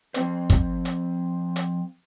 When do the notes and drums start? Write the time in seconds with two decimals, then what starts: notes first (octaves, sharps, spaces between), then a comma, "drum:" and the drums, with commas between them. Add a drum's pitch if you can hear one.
0.14 F3 C4 C5, drum: hi-hat
0.50 drum: kick, hi-hat
0.85 drum: hi-hat
1.56 drum: hi-hat